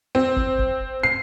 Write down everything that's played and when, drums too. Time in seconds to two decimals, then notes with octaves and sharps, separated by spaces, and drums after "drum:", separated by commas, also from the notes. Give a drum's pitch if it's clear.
0.15 C4
0.36 drum: kick
0.59 drum: kick
1.03 C7